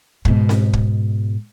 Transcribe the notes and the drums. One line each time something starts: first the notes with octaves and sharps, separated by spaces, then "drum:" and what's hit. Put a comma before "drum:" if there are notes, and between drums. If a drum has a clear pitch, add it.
G#2 B2, drum: kick
drum: snare C4
drum: kick